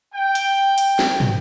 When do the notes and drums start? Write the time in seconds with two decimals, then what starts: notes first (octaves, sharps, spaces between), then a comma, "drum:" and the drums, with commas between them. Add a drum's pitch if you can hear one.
0.14 G5
0.35 drum: hi-hat
0.78 drum: hi-hat
0.99 drum: snare
1.20 drum: tom